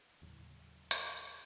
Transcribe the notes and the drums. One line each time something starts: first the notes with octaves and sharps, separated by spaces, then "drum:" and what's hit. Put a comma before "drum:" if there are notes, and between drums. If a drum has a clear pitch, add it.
D#2 A2 C#3 F#3
drum: hi-hat